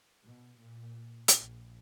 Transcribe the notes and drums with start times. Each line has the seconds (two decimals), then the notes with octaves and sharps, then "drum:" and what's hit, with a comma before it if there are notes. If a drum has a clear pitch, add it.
0.25 B2
0.58 A#2
1.28 drum: hi-hat
1.38 A#1